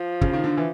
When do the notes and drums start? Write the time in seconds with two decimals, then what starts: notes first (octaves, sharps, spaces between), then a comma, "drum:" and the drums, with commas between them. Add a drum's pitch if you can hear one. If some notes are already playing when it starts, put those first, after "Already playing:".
Already playing: F3
0.21 C#3, drum: kick
0.33 D#3
0.44 D3
0.57 E3